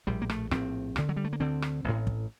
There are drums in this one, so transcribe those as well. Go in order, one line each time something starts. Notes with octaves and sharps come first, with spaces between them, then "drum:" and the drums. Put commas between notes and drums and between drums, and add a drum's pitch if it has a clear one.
A#1 A2 G3
A#3
A3, drum: rim click
A#1 A2 C4, drum: rim click
D2 D3, drum: rim click
F#3
G3
A3
A#3
D2 D3 C4
drum: rim click
A1 A2
drum: kick